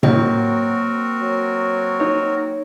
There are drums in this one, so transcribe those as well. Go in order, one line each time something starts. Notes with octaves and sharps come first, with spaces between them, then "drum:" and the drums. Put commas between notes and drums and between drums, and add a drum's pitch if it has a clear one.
F#3 A#3 C4 F#4 A#4 D#5 G5, drum: tom A2
F#3
D#4 C#5